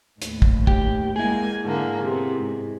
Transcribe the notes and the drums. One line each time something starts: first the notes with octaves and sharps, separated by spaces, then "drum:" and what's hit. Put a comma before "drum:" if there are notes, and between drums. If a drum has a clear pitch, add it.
D#2 A2, drum: hi-hat
drum: kick
G4, drum: kick
G#3 A#3 E4 G#4 G#5
G#2 D3 A#3
C3 B3
G#2